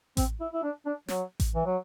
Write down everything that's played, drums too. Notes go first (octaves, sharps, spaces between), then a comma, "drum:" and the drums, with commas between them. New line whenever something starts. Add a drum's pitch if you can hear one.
C4, drum: kick A1, hi-hat
E4
E4
D4
D4
F#3, drum: snare
drum: kick A1, hi-hat
E3
F#3